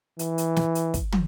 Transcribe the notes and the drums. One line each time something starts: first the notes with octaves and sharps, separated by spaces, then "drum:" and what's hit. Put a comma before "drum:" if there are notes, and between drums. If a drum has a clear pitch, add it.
E3, drum: hi-hat
drum: hi-hat
drum: snare
drum: hi-hat
drum: kick, hi-hat
drum: tom